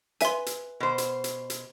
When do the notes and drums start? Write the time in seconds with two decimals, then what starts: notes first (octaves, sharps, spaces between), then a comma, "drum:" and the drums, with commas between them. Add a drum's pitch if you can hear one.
0.21 B4 E5 G#5 C6, drum: hi-hat
0.46 drum: hi-hat
0.80 B2 C5
0.98 drum: hi-hat
1.24 drum: hi-hat
1.50 drum: hi-hat